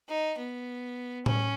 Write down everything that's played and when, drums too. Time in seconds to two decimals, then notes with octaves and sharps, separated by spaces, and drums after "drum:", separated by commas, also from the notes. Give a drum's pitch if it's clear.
0.09 D#4
0.38 B3
1.26 C#4, drum: tom A2